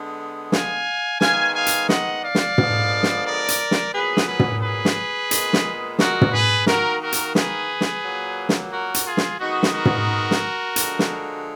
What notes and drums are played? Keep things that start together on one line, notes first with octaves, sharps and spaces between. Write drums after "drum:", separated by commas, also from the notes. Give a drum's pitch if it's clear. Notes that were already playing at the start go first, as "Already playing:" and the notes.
Already playing: D3 G#3 B3
F5 G#5, drum: snare
D#3 G#3 B3 F5 G#5, drum: snare
F5 G#5
drum: hi-hat
D#5 F#5, drum: snare
D5 F5
drum: snare
D3 F3 G#3 B3, drum: tom
drum: snare
A#4 D5
drum: hi-hat
drum: snare
A#2 F#3 B3 G#4 B4
drum: snare
G#4 B4
drum: tom
G#4 B4
drum: snare
A#2 G#3 B3, drum: hi-hat
drum: snare
F#4 A#4, drum: snare
drum: tom
G#4 B4
D#3 A#3 F#4 A#4, drum: snare
F#4 A#4
drum: hi-hat
G#4 B4, drum: snare
drum: snare
A#2 F#3 A#3
drum: snare
F#4 A#4
drum: hi-hat
F4 G#4
drum: snare
D#3 G#3 B3 D#4 F#4
drum: snare
F#4 A#4
drum: tom
drum: snare
D3 F3 G#3, drum: hi-hat
drum: snare